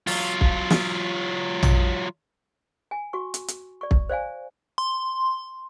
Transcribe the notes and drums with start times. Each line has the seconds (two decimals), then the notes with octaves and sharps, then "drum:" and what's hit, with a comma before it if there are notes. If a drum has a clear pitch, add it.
0.07 F#3 F4, drum: open hi-hat
0.41 drum: kick
0.70 drum: snare
1.63 drum: tom A#1
2.91 G#5
3.13 F#4 C#6
3.34 drum: hi-hat
3.48 drum: hi-hat
3.81 D5 C#6
3.91 drum: kick
4.09 C5 D5 F5 G#5
4.78 C6